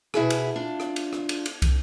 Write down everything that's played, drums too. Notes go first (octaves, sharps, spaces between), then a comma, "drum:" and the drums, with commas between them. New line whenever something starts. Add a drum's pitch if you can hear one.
B2 E4 F#4 G#4, drum: rim click
drum: cymbal
D4 F4
drum: rim click
drum: cymbal
drum: rim click
drum: cymbal
drum: cymbal
drum: kick, cymbal